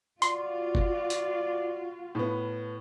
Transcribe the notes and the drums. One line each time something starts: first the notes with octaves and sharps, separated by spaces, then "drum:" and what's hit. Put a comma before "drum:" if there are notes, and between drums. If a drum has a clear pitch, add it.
F4 F#4 D5 C6, drum: hi-hat
drum: kick F#1
drum: hi-hat
A2 B3